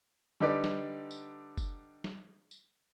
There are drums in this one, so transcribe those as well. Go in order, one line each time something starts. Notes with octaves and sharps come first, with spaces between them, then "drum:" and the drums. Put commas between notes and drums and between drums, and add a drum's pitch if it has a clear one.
D3 G3 D#4 G4 B4 D5
drum: snare
drum: tambourine
drum: kick F#1, tambourine
drum: snare
drum: tambourine